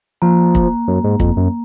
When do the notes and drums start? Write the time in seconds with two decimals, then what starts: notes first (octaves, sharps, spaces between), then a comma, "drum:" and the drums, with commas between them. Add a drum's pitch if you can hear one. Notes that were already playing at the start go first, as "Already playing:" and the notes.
0.22 F3 A#3
0.55 drum: kick
0.88 F#2
1.04 G#2
1.20 F2, drum: kick
1.37 F#2